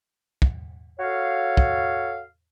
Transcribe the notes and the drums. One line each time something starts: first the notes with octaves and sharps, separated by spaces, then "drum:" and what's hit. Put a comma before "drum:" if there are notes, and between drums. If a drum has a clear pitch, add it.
drum: kick
F#4 A4 C#5 F5
drum: kick